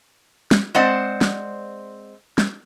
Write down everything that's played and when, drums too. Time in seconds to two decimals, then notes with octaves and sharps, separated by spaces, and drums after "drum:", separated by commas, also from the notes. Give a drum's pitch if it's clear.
0.51 drum: snare
0.75 G#3 C4 C5 D5 F#5
1.21 drum: snare
2.38 drum: snare